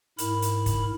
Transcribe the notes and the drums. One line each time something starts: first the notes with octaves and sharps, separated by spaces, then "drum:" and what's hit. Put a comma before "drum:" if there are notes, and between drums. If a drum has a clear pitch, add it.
G#2 E4 A#4 B5, drum: hi-hat
drum: hi-hat
drum: kick, hi-hat